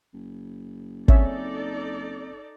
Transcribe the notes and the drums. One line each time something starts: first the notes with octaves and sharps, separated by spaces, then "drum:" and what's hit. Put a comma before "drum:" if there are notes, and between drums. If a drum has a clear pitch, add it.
F#1
C4 C#4 D#4 A4 C#5 D5 E5, drum: kick